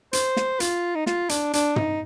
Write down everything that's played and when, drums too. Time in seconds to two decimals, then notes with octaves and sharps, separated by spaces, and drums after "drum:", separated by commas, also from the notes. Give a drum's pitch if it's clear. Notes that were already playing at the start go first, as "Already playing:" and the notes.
0.13 C5, drum: hi-hat
0.37 drum: snare
0.60 F4, drum: hi-hat
0.95 D#4
1.06 F4, drum: snare
1.29 D4, drum: hi-hat
1.53 D4, drum: hi-hat
1.76 D#4, drum: tom